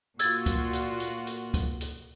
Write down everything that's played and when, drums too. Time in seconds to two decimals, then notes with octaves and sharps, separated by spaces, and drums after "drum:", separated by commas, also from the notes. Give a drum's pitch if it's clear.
0.19 A#2 F4 F#4 E6 G#6 A6, drum: hi-hat
0.46 drum: kick C#2, hi-hat
0.73 drum: hi-hat
1.00 drum: hi-hat
1.27 drum: hi-hat
1.54 drum: kick C#2, hi-hat
1.81 drum: hi-hat